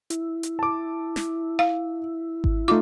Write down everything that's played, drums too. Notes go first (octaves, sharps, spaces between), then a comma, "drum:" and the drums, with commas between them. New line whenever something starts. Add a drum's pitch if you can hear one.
E4, drum: hi-hat
drum: hi-hat
A5 D6
drum: snare
F5
drum: kick G#1
A3 D#4 F4 D6